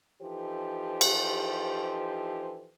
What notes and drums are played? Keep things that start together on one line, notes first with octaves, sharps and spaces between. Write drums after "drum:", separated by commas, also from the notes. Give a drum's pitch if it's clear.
E3 F3 D#4 G4 A4 C5
drum: cymbal